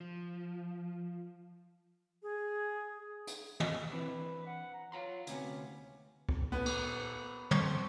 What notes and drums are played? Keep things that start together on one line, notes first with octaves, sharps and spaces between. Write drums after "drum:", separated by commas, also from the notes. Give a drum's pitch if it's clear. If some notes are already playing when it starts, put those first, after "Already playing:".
F3
G#4
drum: hi-hat
drum: tom
E3 C4 D4 B4
F#5
A#5
F4 C#5 A#5 C6
D2 C3 B3 C#4, drum: hi-hat
drum: kick C#2
D#1 B3
drum: cymbal
F2 C5 C#6, drum: tom